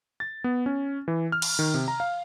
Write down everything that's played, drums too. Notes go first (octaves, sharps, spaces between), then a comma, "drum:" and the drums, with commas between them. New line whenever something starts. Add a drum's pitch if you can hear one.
A6
B3
C#4
E3
F6
drum: cymbal
D#3
C3
A#5
F5